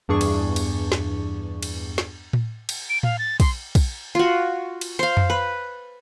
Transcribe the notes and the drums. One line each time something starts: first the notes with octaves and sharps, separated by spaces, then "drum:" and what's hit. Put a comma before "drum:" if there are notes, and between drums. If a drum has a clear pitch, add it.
E2 G2 D4 G#4 C#6
drum: cymbal
drum: cymbal
drum: snare
drum: cymbal
drum: snare
drum: tom A2
drum: cymbal
D7
F5, drum: tom A2
A6
C6, drum: kick, cymbal
drum: kick, cymbal
F4 F#4
drum: cymbal
C5 F5
drum: tom F2
B4